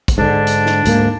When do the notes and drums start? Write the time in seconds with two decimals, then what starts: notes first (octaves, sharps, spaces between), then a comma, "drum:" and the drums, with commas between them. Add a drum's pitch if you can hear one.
0.08 drum: kick, hi-hat
0.18 G#2 D3 D4
0.47 drum: hi-hat
0.66 drum: snare
0.86 D2 G#2 A#3, drum: hi-hat